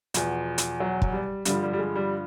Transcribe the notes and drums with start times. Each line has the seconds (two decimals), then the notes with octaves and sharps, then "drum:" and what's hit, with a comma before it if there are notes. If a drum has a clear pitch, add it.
0.14 E2 B2 F3, drum: hi-hat
0.58 drum: hi-hat
0.80 F#3
1.02 drum: kick
1.12 G3
1.45 G2 D3 F3 G3, drum: hi-hat
1.63 G3
1.73 G3
1.79 G#3
1.95 G3